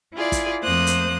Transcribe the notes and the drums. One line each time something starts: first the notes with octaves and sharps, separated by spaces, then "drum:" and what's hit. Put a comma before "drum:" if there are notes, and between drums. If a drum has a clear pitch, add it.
E4 F4 G#4 D5
drum: kick, hi-hat
F2 A3 A#3 C5 D#6 F#6
drum: hi-hat